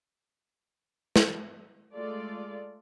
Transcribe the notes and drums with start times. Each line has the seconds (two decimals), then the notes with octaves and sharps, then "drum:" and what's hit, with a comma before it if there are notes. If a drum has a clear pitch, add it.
1.16 drum: snare
1.92 G#3 A3 F4 A4 D5